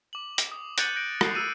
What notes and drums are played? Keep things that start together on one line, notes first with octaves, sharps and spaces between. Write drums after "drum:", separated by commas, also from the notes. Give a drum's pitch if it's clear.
D6 F#7
drum: hi-hat
D#6
F#6 G6 A6 C#7 D#7 F#7, drum: hi-hat
F#6 G6 A#6 D7
D#6 C7, drum: rim click
E6 A6 D#7